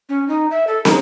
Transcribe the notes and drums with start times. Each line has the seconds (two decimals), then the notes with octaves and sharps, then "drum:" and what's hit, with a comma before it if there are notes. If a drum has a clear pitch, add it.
0.09 C#4
0.28 D#4
0.51 E5
0.67 A4
0.85 D#4, drum: snare